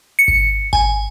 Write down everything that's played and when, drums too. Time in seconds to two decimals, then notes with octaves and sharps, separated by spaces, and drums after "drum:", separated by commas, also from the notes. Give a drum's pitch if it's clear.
0.19 C#7
0.28 drum: kick G#1
0.73 G#5, drum: kick G#1